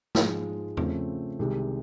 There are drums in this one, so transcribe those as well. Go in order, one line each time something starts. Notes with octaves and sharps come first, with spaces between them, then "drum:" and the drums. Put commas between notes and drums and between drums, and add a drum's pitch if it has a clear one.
G#2 F3 G#3, drum: snare
C#3 F3 A3 C4, drum: tom E2
C2 C3 D#3 G#3